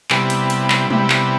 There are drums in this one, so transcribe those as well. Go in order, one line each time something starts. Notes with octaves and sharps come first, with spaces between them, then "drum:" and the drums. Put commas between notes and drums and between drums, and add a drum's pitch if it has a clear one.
C3 G3 B3 E4, drum: clap
drum: hi-hat
drum: hi-hat
drum: clap
C3 G3 B3 E4, drum: tom G3
drum: clap